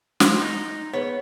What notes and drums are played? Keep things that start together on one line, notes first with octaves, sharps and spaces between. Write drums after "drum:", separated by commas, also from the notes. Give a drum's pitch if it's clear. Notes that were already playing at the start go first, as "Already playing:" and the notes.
C6 E6, drum: snare
D#4
D#5
B3 G#4 B4 C#5